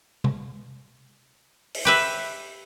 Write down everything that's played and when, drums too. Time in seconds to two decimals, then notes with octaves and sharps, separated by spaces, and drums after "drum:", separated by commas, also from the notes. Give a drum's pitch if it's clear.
0.24 drum: tom C3
1.74 drum: open hi-hat
1.85 G4 B4 E5